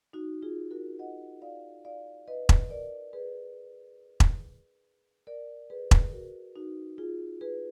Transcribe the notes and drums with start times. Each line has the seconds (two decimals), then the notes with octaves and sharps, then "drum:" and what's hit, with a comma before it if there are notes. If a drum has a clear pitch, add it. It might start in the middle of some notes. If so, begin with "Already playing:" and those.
0.13 D#4 F#4
0.42 F4 G#4
0.71 F#4 A#4
0.99 D#5 F#5
1.42 D5 F5
1.85 D5 F5
2.28 B4 D#5
2.49 drum: kick E1
2.70 A#4 D5
3.13 G#4 B4
4.20 drum: kick E1
5.27 A#4 D5
5.70 G#4 B4
5.91 drum: kick E1
6.13 F#4 A#4
6.56 D#4 F#4
6.98 F4 G#4
7.41 G#4 B4